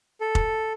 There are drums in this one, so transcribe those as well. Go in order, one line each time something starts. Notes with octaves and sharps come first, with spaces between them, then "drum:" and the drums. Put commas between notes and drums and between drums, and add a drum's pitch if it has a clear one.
A4
drum: kick F1